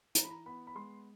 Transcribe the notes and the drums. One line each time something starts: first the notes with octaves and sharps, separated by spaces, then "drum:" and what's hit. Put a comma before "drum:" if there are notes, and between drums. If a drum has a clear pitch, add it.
E3 A#5, drum: hi-hat
B5
A#5
B3 B5
B5
G#3 C6